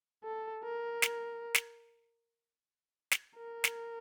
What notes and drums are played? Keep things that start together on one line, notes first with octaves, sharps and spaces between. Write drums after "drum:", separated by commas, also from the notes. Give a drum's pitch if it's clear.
A4
A#4
drum: snare
drum: snare
drum: snare
A#4
drum: snare